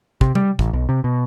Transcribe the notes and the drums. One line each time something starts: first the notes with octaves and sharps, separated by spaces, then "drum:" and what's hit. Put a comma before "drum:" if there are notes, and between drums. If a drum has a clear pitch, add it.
C3, drum: kick
G3, drum: tom C3
A1, drum: kick
B1
C3
B2